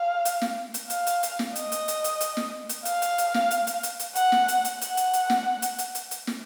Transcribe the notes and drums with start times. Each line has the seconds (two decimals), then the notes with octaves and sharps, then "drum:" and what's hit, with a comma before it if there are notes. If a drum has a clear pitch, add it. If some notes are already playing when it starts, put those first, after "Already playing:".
Already playing: F5
0.25 drum: hi-hat
0.42 drum: snare
0.74 drum: hi-hat
0.90 F5, drum: hi-hat
1.07 drum: hi-hat
1.23 drum: hi-hat
1.39 drum: snare
1.55 D#5, drum: hi-hat
1.72 drum: hi-hat
1.88 drum: hi-hat
2.04 drum: hi-hat
2.20 drum: hi-hat
2.37 drum: snare
2.69 drum: hi-hat
2.85 F5, drum: hi-hat
3.02 drum: hi-hat
3.18 drum: hi-hat
3.34 drum: snare
3.51 drum: hi-hat
3.67 drum: hi-hat
3.83 drum: hi-hat
3.99 drum: hi-hat
4.15 F#5, drum: hi-hat
4.32 drum: snare
4.48 drum: hi-hat
4.65 drum: hi-hat
4.81 F#5, drum: hi-hat
4.97 drum: hi-hat
5.13 drum: hi-hat
5.30 drum: snare
5.62 drum: hi-hat
5.78 drum: hi-hat
5.95 drum: hi-hat
6.11 drum: hi-hat
6.27 drum: snare